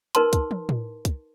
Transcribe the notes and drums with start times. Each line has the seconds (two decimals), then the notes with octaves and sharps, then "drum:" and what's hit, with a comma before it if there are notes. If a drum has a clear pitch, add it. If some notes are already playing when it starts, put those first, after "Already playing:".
0.15 D#4 A#4 B4 A5 C6, drum: hi-hat
0.33 drum: kick, hi-hat
0.51 drum: tom
0.69 drum: tom A2
1.05 drum: kick, hi-hat